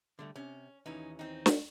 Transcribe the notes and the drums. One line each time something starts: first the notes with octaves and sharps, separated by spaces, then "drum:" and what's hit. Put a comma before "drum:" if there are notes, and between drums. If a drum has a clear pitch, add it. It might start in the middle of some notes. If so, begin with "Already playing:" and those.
D3 G3 A3
C3 C#4
D#2 E3 C#4 D#4
C4 D#4
drum: snare